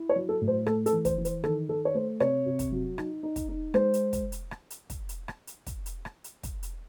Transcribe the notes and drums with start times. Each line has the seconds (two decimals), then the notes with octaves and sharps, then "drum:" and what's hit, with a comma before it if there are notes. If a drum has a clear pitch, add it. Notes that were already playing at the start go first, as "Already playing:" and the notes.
Already playing: E4
0.09 C#5
0.16 F#3
0.29 A4
0.41 A2
0.48 C5
0.66 A3 A4, drum: rim click
0.86 A4, drum: hi-hat
0.93 E3
1.05 C5, drum: kick, hi-hat
1.18 E3
1.25 C5, drum: hi-hat
1.44 D#3 A4, drum: rim click
1.69 D#3 A4
1.85 C#5
1.94 A3 C5
2.20 C3 C#5, drum: rim click
2.46 C3
2.59 drum: kick, hi-hat
2.72 F#3
2.98 D#4, drum: rim click
3.23 D#4
3.36 drum: kick, hi-hat
3.49 D#4
3.74 G#3 C5, drum: rim click
3.94 drum: hi-hat
4.13 drum: kick, hi-hat
4.32 drum: hi-hat
4.51 drum: rim click
4.70 drum: hi-hat
4.90 drum: kick, hi-hat
5.09 drum: hi-hat
5.28 drum: rim click
5.47 drum: hi-hat
5.67 drum: kick, hi-hat
5.86 drum: hi-hat
6.05 drum: rim click
6.24 drum: hi-hat
6.43 drum: kick, hi-hat
6.63 drum: hi-hat